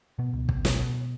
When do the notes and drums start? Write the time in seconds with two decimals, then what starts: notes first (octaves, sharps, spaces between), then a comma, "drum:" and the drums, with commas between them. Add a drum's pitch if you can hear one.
0.19 B2 B3
0.33 C#2
0.49 C#2, drum: kick
0.65 B2, drum: snare
0.79 B2